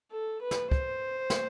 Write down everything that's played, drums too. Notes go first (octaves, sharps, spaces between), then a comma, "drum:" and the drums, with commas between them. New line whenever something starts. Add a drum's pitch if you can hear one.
A4
B4
drum: snare
C5, drum: kick
drum: snare